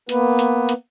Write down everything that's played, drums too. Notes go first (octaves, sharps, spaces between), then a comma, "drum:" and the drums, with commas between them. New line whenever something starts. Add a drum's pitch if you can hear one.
A#3 B3 B4, drum: hi-hat
drum: hi-hat
drum: hi-hat